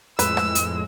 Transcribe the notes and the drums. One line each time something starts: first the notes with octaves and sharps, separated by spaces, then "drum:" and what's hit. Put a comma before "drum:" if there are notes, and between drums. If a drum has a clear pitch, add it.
F2 A2 G#3 B4 E6, drum: hi-hat
drum: rim click
drum: hi-hat